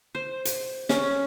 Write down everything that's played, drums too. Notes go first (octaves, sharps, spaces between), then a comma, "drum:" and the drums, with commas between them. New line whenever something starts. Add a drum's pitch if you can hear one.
C5
drum: hi-hat
C#4, drum: snare